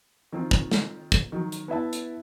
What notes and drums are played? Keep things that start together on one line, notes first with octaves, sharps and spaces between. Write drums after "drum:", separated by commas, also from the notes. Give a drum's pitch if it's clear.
D#3 C4 F4
drum: kick
drum: snare
drum: kick, hi-hat
D#3 F#3
drum: hi-hat
B3 E4 E5 A5
drum: hi-hat